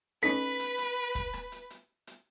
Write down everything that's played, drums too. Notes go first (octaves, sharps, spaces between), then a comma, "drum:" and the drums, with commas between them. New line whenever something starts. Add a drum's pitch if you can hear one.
C#4 D#4 A4 B4 B6, drum: hi-hat
drum: hi-hat
drum: hi-hat
drum: kick, hi-hat
drum: rim click
drum: hi-hat
drum: hi-hat
drum: hi-hat